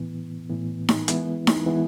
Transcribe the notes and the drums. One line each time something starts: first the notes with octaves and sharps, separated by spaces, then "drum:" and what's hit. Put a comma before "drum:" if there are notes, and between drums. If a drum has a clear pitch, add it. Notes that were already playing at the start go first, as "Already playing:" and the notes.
Already playing: A2 E3 B3
A2 E3 B3
drum: snare D#4
E3 G#3 B3 E4, drum: hi-hat
drum: snare D#4
E3 G#3 B3 E4